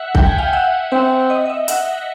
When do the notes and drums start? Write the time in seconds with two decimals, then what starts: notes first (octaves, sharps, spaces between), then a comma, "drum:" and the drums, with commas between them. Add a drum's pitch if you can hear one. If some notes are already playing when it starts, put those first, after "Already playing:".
Already playing: E5 F#5
0.15 G5, drum: kick
0.27 G#5
0.38 F5 G5
0.53 E5 F#5
0.92 C4 E5
1.30 D#5
1.46 D#5
1.50 E5
1.68 E5 F#5, drum: hi-hat